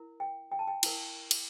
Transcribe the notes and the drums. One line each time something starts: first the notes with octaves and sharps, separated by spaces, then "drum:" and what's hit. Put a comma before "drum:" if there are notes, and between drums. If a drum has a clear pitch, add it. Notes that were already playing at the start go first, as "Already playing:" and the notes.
Already playing: E4 A#4
G5
G5
A5
G5
E4 A#4, drum: cymbal
drum: cymbal